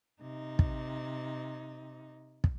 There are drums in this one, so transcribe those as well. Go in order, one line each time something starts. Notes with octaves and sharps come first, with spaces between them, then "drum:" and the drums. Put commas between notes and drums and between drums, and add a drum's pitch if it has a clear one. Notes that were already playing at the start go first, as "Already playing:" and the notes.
C3 D#4
drum: kick
drum: kick